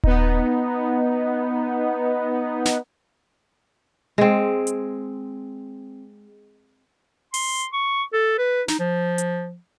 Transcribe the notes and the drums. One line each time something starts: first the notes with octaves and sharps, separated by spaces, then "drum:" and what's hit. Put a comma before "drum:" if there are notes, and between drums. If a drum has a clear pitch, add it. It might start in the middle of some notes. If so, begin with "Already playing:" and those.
B3 D#4, drum: kick D#1
drum: snare
G#3 C4
drum: hi-hat
C6, drum: open hi-hat
C#6
A4
B4
D#4, drum: snare
F3
drum: hi-hat